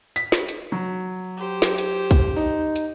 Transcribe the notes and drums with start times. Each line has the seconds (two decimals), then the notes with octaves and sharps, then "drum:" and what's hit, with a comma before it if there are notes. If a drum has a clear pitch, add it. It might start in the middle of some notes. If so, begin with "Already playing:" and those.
0.16 B6, drum: hi-hat
0.32 drum: snare
0.48 drum: hi-hat
0.72 F#3
1.37 G4 C5
1.62 drum: snare
1.78 drum: hi-hat
2.11 drum: kick, hi-hat
2.36 D#4
2.76 drum: hi-hat